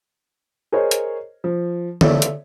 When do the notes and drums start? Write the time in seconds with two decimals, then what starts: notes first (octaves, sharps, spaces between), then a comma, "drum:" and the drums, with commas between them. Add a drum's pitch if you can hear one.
0.72 G#4 A#4 C5 C#5 D#5
0.91 drum: hi-hat
1.44 F3
2.01 A4 C#5 D5 E5, drum: tom D3
2.22 drum: hi-hat